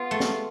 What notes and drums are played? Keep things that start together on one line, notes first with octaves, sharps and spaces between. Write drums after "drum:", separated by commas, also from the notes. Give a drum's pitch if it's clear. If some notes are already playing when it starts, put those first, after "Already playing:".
Already playing: B3 F4
A3
drum: snare